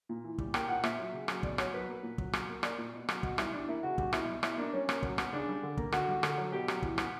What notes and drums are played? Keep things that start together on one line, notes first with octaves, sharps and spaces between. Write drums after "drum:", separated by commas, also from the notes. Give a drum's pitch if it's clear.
A#2
E3
G3, drum: kick
A#3 G5, drum: rim click
A#2 F#5
A#2 E5, drum: rim click
F#3
C#3
F#3, drum: rim click
B2 D5, drum: kick
F#3 C#5, drum: rim click
F#3 B4
A#3
A#2
F#3, drum: kick
F#3, drum: rim click
A#3
A#3 D5, drum: rim click
A#2
B2
F#3, drum: rim click
B2 F#4, drum: kick
G3 E4, drum: rim click
E3 D4
A#3 E4
C#3 F#4
G3 F#4, drum: kick
B2 E4, drum: rim click
G3
B2 E4, drum: rim click
A#3 D4
G3 C#4
A#3, drum: rim click
F#3, drum: kick
B3, drum: rim click
C#3 D4
G3
D3
A#3, drum: kick
D3 F#4, drum: rim click
G3
D3, drum: rim click
F#3
B2 G4
F#3, drum: rim click
E3, drum: kick
B3, drum: rim click